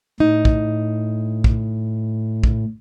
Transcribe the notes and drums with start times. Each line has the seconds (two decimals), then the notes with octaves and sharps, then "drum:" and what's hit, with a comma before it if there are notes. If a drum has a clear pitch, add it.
0.20 A2 D#4
0.45 drum: kick
1.44 drum: kick
2.44 drum: kick